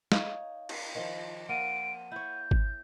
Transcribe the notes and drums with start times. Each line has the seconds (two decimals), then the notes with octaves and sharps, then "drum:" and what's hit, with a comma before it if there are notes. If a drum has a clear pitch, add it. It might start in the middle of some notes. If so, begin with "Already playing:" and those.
0.12 D#4 C#5 F5, drum: snare
0.69 drum: cymbal
0.95 D#3 F3
1.49 A#3 F4 F#5 D7 D#7
2.12 E4 C#5 G6
2.51 drum: kick G#1